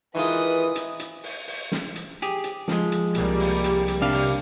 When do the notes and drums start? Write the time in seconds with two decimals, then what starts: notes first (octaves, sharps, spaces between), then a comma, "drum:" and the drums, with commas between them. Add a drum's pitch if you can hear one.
0.15 D#3 E3 G#3 F4 B4 D#6
0.75 drum: hi-hat
1.00 drum: hi-hat
1.24 drum: open hi-hat
1.48 drum: open hi-hat
1.72 drum: snare
1.96 drum: hi-hat
2.22 G4 G#4, drum: hi-hat
2.44 drum: hi-hat
2.68 F3 G#3, drum: snare
2.92 drum: hi-hat
3.15 C2 G3 A#3, drum: hi-hat
3.40 drum: open hi-hat
3.64 drum: hi-hat
3.88 drum: hi-hat
4.01 C3 D4 F5
4.12 drum: open hi-hat